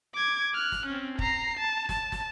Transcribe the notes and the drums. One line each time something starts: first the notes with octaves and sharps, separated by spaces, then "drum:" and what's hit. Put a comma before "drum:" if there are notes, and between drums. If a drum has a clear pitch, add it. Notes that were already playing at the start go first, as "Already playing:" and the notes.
D6 G#6
F6 F#6
drum: snare
C4 C#4
A#5 C7, drum: kick
A5
A5, drum: snare
drum: snare